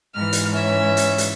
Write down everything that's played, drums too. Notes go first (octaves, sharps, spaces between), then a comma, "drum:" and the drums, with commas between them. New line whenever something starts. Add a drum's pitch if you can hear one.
G#2 E3 F6
drum: hi-hat
C#4 E5
drum: hi-hat
drum: hi-hat